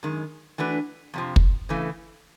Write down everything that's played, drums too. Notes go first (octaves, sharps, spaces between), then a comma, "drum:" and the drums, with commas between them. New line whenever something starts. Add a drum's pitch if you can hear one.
F#2 D#3 G#3
E3 A3 D4 F#4 B4
F2 C3 F3
drum: kick
C#3 E3 A3